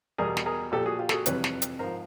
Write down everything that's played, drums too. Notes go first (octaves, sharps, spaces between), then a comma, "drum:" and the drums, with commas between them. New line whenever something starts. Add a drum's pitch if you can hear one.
E2 B2 G3 G#4 A#4
drum: snare
G#4 A#4
A#2 F3 G4 A4
F#4 G#4
F4 G4
A4, drum: snare
F#4 G#4
F2 C3 E3 G3 B4 C#5, drum: hi-hat
drum: snare
drum: hi-hat
G#2 F3 A#4 C5